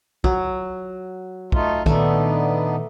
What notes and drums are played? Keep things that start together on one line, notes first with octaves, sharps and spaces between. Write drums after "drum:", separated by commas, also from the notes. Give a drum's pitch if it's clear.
F#3, drum: kick
A3 D#4 F4, drum: kick
A#2 D#3 A3 B3 D4 D#4, drum: kick